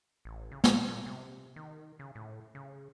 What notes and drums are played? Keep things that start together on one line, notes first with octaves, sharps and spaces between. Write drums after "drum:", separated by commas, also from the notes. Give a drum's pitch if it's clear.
A1
C#3
A#2, drum: snare
A#2
C3
D#3
C#3
A2
C#3